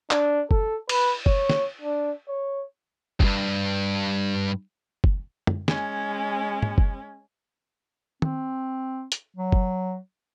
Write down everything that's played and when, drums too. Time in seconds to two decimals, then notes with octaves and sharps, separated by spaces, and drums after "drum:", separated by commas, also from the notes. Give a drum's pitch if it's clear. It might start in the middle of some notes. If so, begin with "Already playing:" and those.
0.11 D4, drum: clap
0.51 A4, drum: kick F#1
0.89 B4, drum: cymbal
1.26 C#5, drum: kick F#1
1.50 drum: snare
1.81 D4
2.29 C#5
3.20 C2 G2, drum: kick F#1
5.04 drum: kick F#1
5.47 drum: tom
5.68 G#3 C#4, drum: snare
6.63 drum: tom
6.78 drum: kick F#1
8.22 C4, drum: tom
9.12 drum: hi-hat
9.37 F#3
9.52 drum: kick F#1